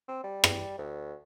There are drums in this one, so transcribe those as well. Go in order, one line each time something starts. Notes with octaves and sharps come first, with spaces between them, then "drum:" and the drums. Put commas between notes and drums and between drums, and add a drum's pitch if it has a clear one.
C4
G3
drum: rim click
D2